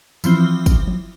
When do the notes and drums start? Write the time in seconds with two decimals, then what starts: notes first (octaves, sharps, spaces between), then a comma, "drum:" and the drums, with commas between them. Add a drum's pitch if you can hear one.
0.24 E3 F3 C4 G7, drum: tambourine
0.66 drum: kick, tambourine
0.87 drum: tom F3